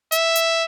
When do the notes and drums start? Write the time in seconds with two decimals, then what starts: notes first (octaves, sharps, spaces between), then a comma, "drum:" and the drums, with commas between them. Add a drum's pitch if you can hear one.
0.12 E5, drum: hi-hat
0.36 drum: hi-hat